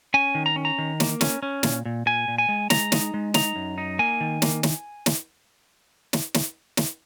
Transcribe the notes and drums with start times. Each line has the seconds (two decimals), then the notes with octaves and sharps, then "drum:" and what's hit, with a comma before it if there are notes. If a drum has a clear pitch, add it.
0.14 C#4 G#5
0.35 D#3
0.46 A#5
0.56 C#4
0.65 A#5
0.78 D#3
1.00 A#3, drum: snare
1.21 C#4, drum: snare
1.43 C#4
1.63 A#2, drum: snare
1.85 A#2
2.06 A#2 G#5
2.28 A#2
2.38 G#5
2.49 G#3
2.70 G#3 A#5, drum: snare
2.92 D#4, drum: snare
3.14 G#3
3.34 D#4 A#5, drum: snare
3.56 F#2
3.78 D#4
3.99 A#3 G#5
4.21 D#3
4.42 A#3, drum: snare
4.63 drum: snare
5.06 drum: snare
6.13 drum: snare
6.34 drum: snare
6.77 drum: snare